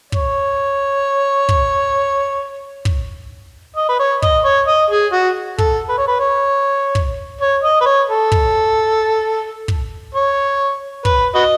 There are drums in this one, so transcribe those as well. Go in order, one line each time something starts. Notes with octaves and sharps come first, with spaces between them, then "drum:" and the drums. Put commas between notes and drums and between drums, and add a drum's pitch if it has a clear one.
C#5, drum: kick
drum: kick
drum: kick
D#5
B4
C#5
D#5, drum: kick
C#5
D#5
G#4
F#4
A4, drum: kick
B4
C#5
B4
C#5
drum: kick
C#5
D#5
B4
C#5
A4
drum: kick
drum: kick
C#5
B4, drum: kick
F#4 B4 D#5